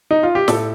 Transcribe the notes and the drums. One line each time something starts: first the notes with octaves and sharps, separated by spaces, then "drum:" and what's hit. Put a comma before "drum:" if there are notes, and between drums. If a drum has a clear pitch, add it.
D#4
F4
G4
A2 A4, drum: snare